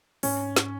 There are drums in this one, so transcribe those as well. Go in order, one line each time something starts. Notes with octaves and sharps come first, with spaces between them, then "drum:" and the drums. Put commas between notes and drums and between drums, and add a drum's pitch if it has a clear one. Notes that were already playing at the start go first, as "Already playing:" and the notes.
G#2 C#4, drum: open hi-hat
drum: snare